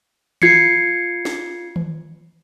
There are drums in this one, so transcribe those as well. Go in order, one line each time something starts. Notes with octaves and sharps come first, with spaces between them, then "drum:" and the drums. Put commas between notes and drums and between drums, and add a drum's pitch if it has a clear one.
F4 G#6 C7 C#7, drum: tom D#3
drum: snare
drum: tom D#3